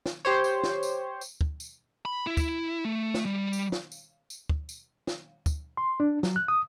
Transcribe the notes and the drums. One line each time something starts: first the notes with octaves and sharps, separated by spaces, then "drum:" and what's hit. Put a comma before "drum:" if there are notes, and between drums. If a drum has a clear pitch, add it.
drum: snare
G4 C5 C#5
drum: tambourine
drum: snare
drum: tambourine
drum: tambourine
drum: kick
drum: tambourine
B5
E4
drum: kick, tambourine
A3
drum: snare
G3
drum: tambourine
drum: snare
drum: tambourine
drum: tambourine
drum: kick
drum: tambourine
drum: snare
drum: kick, tambourine
C6
D4
F#3, drum: snare
F#6
D#6